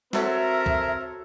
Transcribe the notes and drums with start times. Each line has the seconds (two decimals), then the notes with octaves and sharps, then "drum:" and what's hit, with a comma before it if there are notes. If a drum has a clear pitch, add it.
0.13 C4 F#4 A4 A#4 C#5 E5, drum: snare
0.66 drum: kick